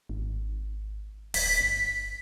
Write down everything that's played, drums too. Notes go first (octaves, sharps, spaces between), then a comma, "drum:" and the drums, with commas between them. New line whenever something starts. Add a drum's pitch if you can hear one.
G#1
D1 B6, drum: open hi-hat
G1